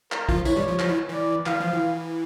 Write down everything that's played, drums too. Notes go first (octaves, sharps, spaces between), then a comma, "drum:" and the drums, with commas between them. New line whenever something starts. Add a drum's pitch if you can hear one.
A#4, drum: clap
F3 F4, drum: kick
E3 E4 C#5, drum: tambourine
G2 G3
F3
F3, drum: clap
E3
E3 D5
E3 F5, drum: clap
F3
E3